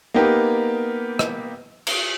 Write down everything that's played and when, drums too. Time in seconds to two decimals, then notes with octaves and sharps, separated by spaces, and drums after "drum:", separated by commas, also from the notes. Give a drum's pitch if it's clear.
0.14 A#3 B3 D#4 G4 A#4 B4
1.19 drum: rim click
1.87 drum: cymbal